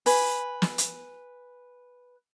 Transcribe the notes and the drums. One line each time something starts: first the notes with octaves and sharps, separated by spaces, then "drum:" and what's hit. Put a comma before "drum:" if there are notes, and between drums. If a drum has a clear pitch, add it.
B4 G#5, drum: open hi-hat
drum: snare
drum: hi-hat